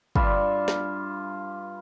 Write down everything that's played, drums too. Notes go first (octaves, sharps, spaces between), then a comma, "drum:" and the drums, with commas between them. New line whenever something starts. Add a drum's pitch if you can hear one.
G2 F4 E5 B5, drum: kick
drum: snare